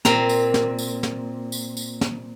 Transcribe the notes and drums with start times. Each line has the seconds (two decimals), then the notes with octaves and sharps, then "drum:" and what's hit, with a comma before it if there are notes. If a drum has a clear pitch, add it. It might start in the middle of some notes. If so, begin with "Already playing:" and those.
0.05 A#2 C4 A#5, drum: snare
0.29 drum: tambourine
0.54 drum: snare
0.79 drum: tambourine
1.03 drum: snare
1.52 drum: tambourine
1.77 drum: tambourine
2.01 drum: snare